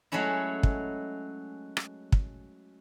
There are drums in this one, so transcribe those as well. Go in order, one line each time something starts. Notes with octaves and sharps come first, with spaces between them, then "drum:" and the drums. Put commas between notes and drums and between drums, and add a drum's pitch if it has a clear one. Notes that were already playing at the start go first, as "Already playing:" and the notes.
F#3 G#3 A3 C#4 E4
drum: kick
drum: rim click
drum: kick